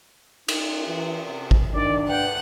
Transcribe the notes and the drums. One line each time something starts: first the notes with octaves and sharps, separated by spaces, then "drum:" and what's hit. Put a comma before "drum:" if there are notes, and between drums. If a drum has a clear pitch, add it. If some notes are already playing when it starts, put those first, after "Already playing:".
D#4, drum: cymbal
E3
C3
drum: kick
D#3 D4 D5
B4 F#5 G5